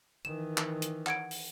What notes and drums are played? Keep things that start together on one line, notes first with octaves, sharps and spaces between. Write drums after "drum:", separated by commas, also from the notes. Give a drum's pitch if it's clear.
D#3 E3 E7
drum: clap
drum: hi-hat
F#5 G#6 D7, drum: clap
drum: open hi-hat